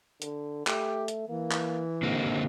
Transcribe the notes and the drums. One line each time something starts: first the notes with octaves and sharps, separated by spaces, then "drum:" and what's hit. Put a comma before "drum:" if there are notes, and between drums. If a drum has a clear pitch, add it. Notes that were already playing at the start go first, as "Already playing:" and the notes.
D3, drum: hi-hat
A3 G4, drum: clap
drum: hi-hat
E3 A#3
drum: clap
D#2 D3 A#3 C4